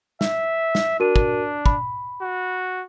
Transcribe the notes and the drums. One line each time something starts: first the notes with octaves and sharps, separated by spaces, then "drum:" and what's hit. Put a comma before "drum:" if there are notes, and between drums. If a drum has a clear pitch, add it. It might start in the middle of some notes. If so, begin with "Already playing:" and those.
E5, drum: snare
drum: snare
D4 F#4 A#4 D#7
drum: kick
B5, drum: kick
F#4